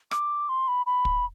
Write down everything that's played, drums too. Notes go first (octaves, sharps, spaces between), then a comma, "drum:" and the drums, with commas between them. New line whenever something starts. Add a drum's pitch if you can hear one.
D6, drum: rim click
C6
B5
B5
drum: kick